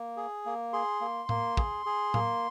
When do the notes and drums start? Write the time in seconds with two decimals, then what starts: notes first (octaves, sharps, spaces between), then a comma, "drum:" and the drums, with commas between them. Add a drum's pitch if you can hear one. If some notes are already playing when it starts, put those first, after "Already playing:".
Already playing: A#3
0.17 G#4
0.45 A#3
0.73 G#4 C6
1.01 A#3
1.29 A#3, drum: tom A2
1.57 G#4, drum: kick
1.86 G#4
2.14 A#3, drum: tom A2